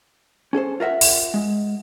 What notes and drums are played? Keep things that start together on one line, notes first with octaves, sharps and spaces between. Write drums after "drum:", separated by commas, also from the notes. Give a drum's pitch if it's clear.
C#4 G#4 A4 C5
F4 A#4 E5 F#5
drum: open hi-hat
G#3